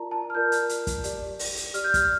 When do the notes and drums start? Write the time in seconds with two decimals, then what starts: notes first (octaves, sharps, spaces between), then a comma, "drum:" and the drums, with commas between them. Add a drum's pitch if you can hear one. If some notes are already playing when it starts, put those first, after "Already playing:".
Already playing: F4 A#4 D5 A5 A#5
0.11 A5
0.30 F6
0.35 F4 A#4 D5 G6
0.52 drum: hi-hat
0.69 drum: hi-hat
0.87 drum: kick, hi-hat
1.04 G4 D5, drum: hi-hat
1.39 drum: open hi-hat
1.57 drum: hi-hat
1.74 G4 D5 F6, drum: hi-hat
1.84 G6
1.94 F6, drum: kick, hi-hat